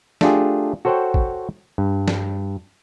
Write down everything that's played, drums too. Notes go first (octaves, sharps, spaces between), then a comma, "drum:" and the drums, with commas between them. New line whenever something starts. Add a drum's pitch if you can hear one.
A3 D4 F4 G4 G#4, drum: snare
F#4 A4 C5 C#5 F#5 G5
drum: kick
G2
drum: snare